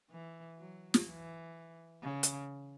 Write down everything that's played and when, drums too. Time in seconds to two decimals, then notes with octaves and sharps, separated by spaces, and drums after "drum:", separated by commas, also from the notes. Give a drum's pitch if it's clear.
0.11 E3
0.59 F#3
0.94 drum: snare
1.07 E3
2.03 C#3
2.23 drum: hi-hat